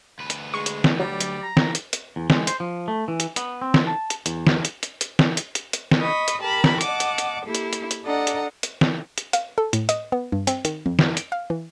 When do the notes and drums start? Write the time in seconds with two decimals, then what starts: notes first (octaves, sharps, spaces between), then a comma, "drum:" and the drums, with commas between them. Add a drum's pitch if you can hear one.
0.19 D2 B4
0.30 drum: hi-hat
0.54 G#3 C#6
0.66 drum: hi-hat
0.84 drum: snare
0.99 F#3 G3 D5
1.20 drum: hi-hat
1.43 A#5
1.57 drum: snare
1.75 drum: hi-hat
1.93 drum: hi-hat
2.16 E2
2.30 G#3, drum: snare
2.47 C5, drum: hi-hat
2.60 F3
2.88 A3
3.08 E3
3.20 drum: hi-hat
3.36 B3, drum: hi-hat
3.61 C4
3.74 drum: snare
3.87 A5
4.10 drum: hi-hat
4.26 E2, drum: hi-hat
4.47 drum: snare
4.65 drum: hi-hat
4.83 drum: hi-hat
5.01 drum: hi-hat
5.19 drum: snare
5.37 drum: hi-hat
5.55 drum: hi-hat
5.73 drum: hi-hat
5.91 drum: snare
6.01 D#5 B5 C#6 D#6
6.28 drum: hi-hat
6.41 G4 A#4 A5 B5
6.64 drum: snare
6.81 D#5 F#5 A5 D6, drum: hi-hat
7.00 drum: hi-hat
7.18 drum: hi-hat
7.44 A#3 E4 G4 A4
7.55 drum: hi-hat
7.73 drum: hi-hat
7.91 drum: hi-hat
8.04 D4 A4 D5 D#5 F#5 A#5
8.27 drum: hi-hat
8.63 drum: hi-hat
8.81 drum: snare
9.18 drum: hi-hat
9.33 F5, drum: hi-hat
9.58 A4
9.73 A2, drum: hi-hat
9.89 D#5, drum: hi-hat
10.12 B3
10.32 G2
10.47 C4, drum: hi-hat
10.65 D#3, drum: hi-hat
10.86 F2
10.99 drum: snare
11.17 D7, drum: hi-hat
11.32 F5
11.50 E3